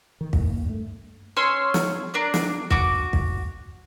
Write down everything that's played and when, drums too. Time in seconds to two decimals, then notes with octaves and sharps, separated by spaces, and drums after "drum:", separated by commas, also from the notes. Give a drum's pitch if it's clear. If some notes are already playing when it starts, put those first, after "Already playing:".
0.21 D#3
0.33 D#2 A2, drum: kick
0.45 A#3
0.66 G2 A3
1.37 C#4 C#5 C6 E6
1.74 drum: snare
2.14 D4 A#4 D5
2.34 drum: snare
2.71 F#4 D6, drum: kick
3.13 drum: kick